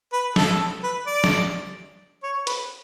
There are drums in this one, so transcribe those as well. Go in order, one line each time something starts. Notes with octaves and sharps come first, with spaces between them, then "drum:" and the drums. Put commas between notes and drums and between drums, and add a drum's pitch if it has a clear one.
B4
A4, drum: snare
B4
D5
drum: snare
C#5
B4, drum: hi-hat